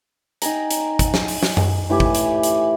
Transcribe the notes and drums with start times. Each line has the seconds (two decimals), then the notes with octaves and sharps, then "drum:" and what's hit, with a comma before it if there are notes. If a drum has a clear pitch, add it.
0.42 D#4 G5 G#5 A#5, drum: hi-hat
0.70 drum: hi-hat
0.99 drum: kick, hi-hat
1.14 drum: snare
1.28 drum: open hi-hat
1.43 drum: snare
1.57 drum: tom F#2
1.90 A2 E3 G4 G#5
2.00 drum: kick
2.15 drum: hi-hat
2.43 drum: hi-hat